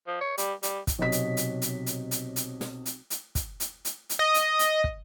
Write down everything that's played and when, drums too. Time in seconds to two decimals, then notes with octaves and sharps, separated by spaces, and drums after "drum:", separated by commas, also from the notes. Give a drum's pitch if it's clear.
0.07 F3
0.21 C#5
0.38 G3, drum: hi-hat
0.63 G3, drum: hi-hat
0.87 drum: kick, hi-hat
0.99 B1 C3 C#5 D#5 B6
1.12 drum: hi-hat
1.37 drum: hi-hat
1.62 drum: hi-hat
1.86 drum: hi-hat
2.11 drum: hi-hat
2.36 drum: hi-hat
2.61 drum: snare
2.86 drum: hi-hat
3.10 drum: hi-hat
3.35 drum: kick, hi-hat
3.60 drum: hi-hat
3.85 drum: hi-hat
4.10 drum: hi-hat
4.19 D#5
4.34 drum: hi-hat
4.59 drum: hi-hat
4.84 drum: kick